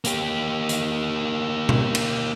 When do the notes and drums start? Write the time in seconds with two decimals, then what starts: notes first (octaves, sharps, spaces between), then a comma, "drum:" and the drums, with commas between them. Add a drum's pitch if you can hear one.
0.04 A#3 G4, drum: hi-hat
0.69 drum: hi-hat
1.69 drum: tom B2
1.95 drum: cymbal